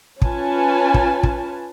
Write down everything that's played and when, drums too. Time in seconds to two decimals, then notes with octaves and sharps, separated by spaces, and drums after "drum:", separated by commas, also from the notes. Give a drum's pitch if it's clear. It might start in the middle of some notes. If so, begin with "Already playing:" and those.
0.22 C#4 F4 B4 G#5 A5, drum: kick
0.94 drum: kick
1.23 drum: kick